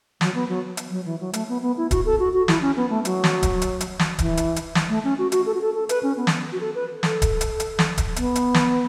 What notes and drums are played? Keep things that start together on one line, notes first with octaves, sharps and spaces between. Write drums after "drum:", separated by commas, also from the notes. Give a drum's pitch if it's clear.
F#3, drum: snare
B3
F#3
drum: hi-hat
F#3
E3
F#3
A3, drum: hi-hat
B3
B3
E4
F#4, drum: kick D1, hi-hat
A4
F#4
F#4
E4, drum: snare
C#4
B3
A3
F#3, drum: hi-hat
drum: snare
drum: kick D1, hi-hat
drum: hi-hat
drum: hi-hat
drum: snare
E3, drum: kick D1, hi-hat
drum: hi-hat
drum: hi-hat
drum: snare
A3
C#4
F#4
F#4, drum: hi-hat
A4
F#4
A4
A4
B4, drum: hi-hat
C#4
B3
drum: snare
F#4
A4
B4
A4, drum: snare
drum: kick D1, hi-hat
drum: hi-hat
drum: hi-hat
drum: snare
drum: kick D1, hi-hat
B3, drum: hi-hat
drum: hi-hat
drum: snare